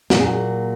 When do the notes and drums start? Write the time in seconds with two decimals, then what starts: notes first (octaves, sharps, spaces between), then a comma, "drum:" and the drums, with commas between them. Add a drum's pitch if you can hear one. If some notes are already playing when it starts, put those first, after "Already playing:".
0.10 A#2 F#3 A#3 F#4, drum: snare
0.19 G#4
0.28 F#4